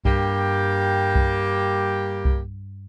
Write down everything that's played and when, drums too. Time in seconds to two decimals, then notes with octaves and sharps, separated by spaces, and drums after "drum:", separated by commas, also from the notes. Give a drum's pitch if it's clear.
0.05 G2 G3 A#3 G4, drum: kick C2
1.15 drum: kick C2
2.25 drum: kick C2